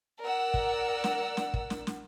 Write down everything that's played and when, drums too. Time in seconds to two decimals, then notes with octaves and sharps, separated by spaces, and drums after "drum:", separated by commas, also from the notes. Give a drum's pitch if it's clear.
0.21 A#4 D5 F#5 E6
0.54 drum: kick
1.04 drum: snare
1.37 drum: snare
1.54 drum: kick
1.70 drum: snare
1.87 drum: snare